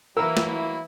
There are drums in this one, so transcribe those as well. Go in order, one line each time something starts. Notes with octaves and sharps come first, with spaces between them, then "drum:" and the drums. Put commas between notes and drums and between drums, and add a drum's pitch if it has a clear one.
E3 F#3 A#3 E4 A#4 E6
drum: snare